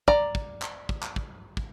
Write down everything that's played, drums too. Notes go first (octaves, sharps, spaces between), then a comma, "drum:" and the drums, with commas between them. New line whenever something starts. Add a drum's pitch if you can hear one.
D5 A#5, drum: kick
drum: kick
drum: clap
drum: kick
drum: clap
drum: kick
drum: kick